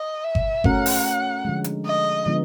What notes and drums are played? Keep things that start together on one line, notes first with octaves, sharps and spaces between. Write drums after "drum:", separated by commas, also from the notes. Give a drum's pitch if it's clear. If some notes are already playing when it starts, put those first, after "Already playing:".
Already playing: D#5
E5
drum: kick G1
A3 C#4 F#4 A#4 F#5, drum: kick G1
drum: open hi-hat
D3 F3 G#3
drum: hi-hat
D#5
D3 F3 G#3 B3 D#4